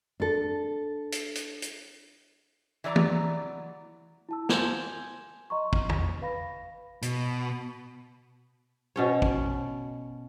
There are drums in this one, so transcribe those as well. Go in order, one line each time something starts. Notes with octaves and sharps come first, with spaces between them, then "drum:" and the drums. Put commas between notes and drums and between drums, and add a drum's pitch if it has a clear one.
D4 A4
drum: hi-hat
drum: hi-hat
drum: hi-hat
E3 F#3 D5 A#5
drum: tom
E4 A5 E6
G#5 C6 G6 G#6 E7 F7, drum: snare
D#5 A#5 C6 C#6
drum: kick
drum: tom
B4 F5 B5 A#6
B2, drum: hi-hat
B2 C#4 C#5
drum: kick